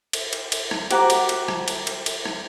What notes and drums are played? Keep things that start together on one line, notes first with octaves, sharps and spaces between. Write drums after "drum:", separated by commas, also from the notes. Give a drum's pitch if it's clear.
drum: cymbal
drum: cymbal
drum: cymbal
drum: rim click
F#4 G4 C5 A#5 D6, drum: cymbal
drum: cymbal
drum: cymbal
drum: rim click
drum: cymbal
drum: cymbal
drum: cymbal
drum: rim click